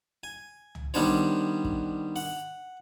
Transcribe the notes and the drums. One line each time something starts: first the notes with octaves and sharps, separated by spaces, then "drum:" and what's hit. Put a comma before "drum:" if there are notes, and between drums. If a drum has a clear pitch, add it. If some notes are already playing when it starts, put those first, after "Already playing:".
G#5
drum: tom
D#3 G3 B3 D4 C5 C#5, drum: open hi-hat
drum: kick
F#5, drum: open hi-hat